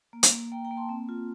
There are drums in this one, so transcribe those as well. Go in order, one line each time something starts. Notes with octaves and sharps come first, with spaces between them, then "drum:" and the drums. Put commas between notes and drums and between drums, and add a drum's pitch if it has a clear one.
A#3
drum: hi-hat
A#3
A#3 G5 A#5
G5 A#5
A#3
A5 C6
C4
F4